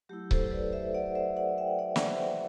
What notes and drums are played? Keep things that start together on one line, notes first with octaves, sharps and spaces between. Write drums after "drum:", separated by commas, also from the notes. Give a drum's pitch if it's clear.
F#3 A3 E4 G4
A4 C5, drum: kick C#1
B4 D5
C5 E5
D5 F#5
C5 E5
D5 F#5
E5 G5
D5 F#5
drum: snare
C5 E5